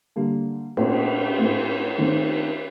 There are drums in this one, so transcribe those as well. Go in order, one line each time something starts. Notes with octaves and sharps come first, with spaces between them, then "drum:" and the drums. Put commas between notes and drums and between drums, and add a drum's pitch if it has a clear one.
D3 G3 A#3
A#2 A3 C4, drum: cymbal
A2 A3 C4
D#3 A3 C4